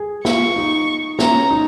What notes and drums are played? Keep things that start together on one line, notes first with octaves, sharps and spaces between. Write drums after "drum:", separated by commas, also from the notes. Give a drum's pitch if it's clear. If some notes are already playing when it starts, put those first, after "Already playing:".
Already playing: G#4
F4 C#6, drum: snare
D#4
C#4 A#5, drum: snare
D#4